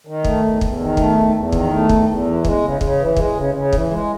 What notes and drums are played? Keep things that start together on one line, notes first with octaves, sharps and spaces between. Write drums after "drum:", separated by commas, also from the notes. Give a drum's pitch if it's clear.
D#3
A3, drum: kick
E2
E2, drum: kick
D#3
A3, drum: kick
E2
E2
D#3, drum: kick
A3
E2, drum: kick
E2
E3
G#3, drum: kick
C#3
C#3, drum: kick
E3
G#3, drum: kick
C#3
C#3
E3, drum: kick
G#3